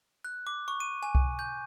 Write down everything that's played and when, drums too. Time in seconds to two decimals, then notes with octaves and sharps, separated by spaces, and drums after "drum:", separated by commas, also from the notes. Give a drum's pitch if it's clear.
0.25 F#6
0.47 D6
0.68 C#6
0.80 D#7
1.03 G#5
1.15 drum: kick C2
1.39 G6